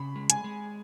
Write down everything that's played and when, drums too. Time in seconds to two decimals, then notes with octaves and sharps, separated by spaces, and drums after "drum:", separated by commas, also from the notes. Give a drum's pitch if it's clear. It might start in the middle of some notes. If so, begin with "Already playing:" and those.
Already playing: C#3 B5
0.16 G#3
0.30 G#5, drum: hi-hat
0.44 G#3